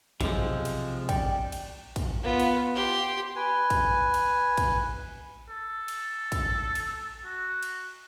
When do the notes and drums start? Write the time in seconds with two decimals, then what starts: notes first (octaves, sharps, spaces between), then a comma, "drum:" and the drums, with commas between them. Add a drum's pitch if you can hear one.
0.21 B1 C3 F3 G#3, drum: kick, cymbal
0.65 drum: cymbal
1.09 D5 G5, drum: kick, cymbal
1.52 drum: cymbal
1.96 drum: kick, cymbal
2.23 B3 F4
2.40 drum: cymbal
2.75 G4 C6
3.36 B4 G#5
3.70 drum: kick, cymbal
4.14 drum: cymbal
4.57 drum: kick, cymbal
5.49 A4
5.88 drum: cymbal
6.32 drum: kick, cymbal
6.75 drum: cymbal
7.25 F#4
7.63 drum: cymbal